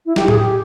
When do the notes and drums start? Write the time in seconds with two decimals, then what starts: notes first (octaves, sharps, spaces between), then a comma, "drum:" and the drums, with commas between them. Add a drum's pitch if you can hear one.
0.06 E4
0.16 G4, drum: snare
0.28 G#4, drum: tom A2
0.39 G4